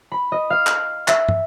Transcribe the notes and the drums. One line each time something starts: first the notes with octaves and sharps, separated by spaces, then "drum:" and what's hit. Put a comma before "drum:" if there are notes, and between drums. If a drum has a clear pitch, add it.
B5
D#5
F5
drum: clap
E5, drum: clap
drum: tom